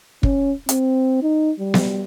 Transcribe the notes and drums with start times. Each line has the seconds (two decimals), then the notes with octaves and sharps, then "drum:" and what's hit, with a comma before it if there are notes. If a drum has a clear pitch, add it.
0.23 C#4, drum: kick
0.69 C4, drum: hi-hat
1.23 D#4
1.60 G3
1.74 drum: snare B3